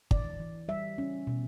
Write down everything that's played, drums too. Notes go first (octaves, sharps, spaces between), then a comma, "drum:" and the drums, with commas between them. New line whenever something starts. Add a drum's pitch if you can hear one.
E3 D5, drum: kick
E3
G3 E5
C#4
B2